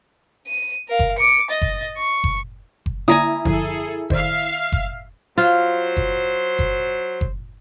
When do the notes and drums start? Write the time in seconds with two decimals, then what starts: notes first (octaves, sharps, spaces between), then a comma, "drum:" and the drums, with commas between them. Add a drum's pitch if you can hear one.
0.47 D#7
0.88 A#4 F5
0.99 drum: kick F#1
1.18 D6 C#7
1.50 D#5 A6
1.62 drum: kick F#1
1.98 C#6
2.24 drum: kick F#1
2.86 drum: kick F#1
3.08 D3 A#3 E4 D5 G#5 A#5 D#6
3.45 F#2 D3 F3 G#4 A4, drum: kick F#1
4.10 D#3 C5 D5 E5 F5, drum: kick F#1
4.72 drum: kick F#1
5.38 F#3 F4 C5
5.97 drum: kick F#1
6.59 drum: kick F#1
7.21 drum: kick F#1